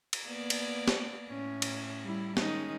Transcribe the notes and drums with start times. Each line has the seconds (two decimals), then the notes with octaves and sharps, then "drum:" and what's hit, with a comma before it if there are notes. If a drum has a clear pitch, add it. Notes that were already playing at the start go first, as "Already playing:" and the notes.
0.13 drum: cymbal
0.25 A#3 B3 D5
0.50 drum: cymbal
0.88 drum: snare
1.30 A2 C#4
1.62 drum: cymbal
2.04 G3 E4
2.37 D#3 G#3 C#4 D#4, drum: snare